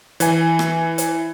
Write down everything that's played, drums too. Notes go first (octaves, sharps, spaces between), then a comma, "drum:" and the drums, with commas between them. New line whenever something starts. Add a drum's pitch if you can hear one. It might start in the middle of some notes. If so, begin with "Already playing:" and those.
E3 G#5, drum: hi-hat
drum: rim click
drum: hi-hat